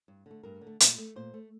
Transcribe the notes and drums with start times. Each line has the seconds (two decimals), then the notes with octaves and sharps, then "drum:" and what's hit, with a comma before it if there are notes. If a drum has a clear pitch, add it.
0.08 G2
0.26 D3 A3
0.43 G2 A#4
0.61 D3
0.67 A3
0.80 A#2, drum: hi-hat
0.98 A3
1.16 A#2 C5
1.34 A3